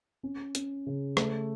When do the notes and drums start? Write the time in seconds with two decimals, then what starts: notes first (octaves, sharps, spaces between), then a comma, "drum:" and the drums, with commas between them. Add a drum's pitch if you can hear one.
0.23 C#4
0.55 C#4, drum: hi-hat
0.86 C#3
1.17 A3, drum: rim click